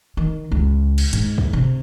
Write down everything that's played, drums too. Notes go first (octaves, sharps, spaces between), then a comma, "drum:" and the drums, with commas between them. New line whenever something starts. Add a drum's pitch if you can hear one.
D#3
C#2
drum: cymbal
G#2, drum: hi-hat
drum: kick
C3